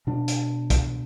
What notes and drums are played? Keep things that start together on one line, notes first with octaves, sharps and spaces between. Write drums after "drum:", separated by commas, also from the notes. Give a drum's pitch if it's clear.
B2 D4
drum: hi-hat
drum: kick, hi-hat